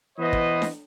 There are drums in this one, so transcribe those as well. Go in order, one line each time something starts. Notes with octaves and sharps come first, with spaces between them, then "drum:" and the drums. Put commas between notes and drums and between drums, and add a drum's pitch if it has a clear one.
E3 B3 B4 C5 D#5
drum: kick
drum: snare D4